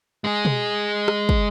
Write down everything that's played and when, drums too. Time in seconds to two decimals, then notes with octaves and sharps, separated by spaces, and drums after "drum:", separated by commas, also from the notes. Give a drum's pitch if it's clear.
0.24 G#3 G#4
0.45 drum: tom B2
1.08 drum: rim click
1.29 drum: kick